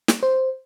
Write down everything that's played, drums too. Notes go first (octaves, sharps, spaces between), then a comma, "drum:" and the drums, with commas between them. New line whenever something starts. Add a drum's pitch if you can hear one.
drum: snare
C5